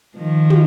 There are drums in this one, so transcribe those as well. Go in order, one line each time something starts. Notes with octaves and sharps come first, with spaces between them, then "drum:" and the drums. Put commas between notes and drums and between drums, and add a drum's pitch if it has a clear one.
D#3 F3
drum: tom